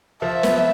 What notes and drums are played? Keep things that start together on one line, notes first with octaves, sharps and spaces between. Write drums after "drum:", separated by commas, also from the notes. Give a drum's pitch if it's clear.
F3 E5
B3, drum: snare